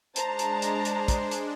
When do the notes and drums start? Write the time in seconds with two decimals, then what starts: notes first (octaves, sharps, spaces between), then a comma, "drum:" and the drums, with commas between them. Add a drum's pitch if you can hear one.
0.16 G#3 D4 C5 A5 A#5, drum: hi-hat
0.39 drum: hi-hat
0.62 drum: hi-hat
0.85 drum: hi-hat
1.08 drum: kick, hi-hat
1.31 drum: hi-hat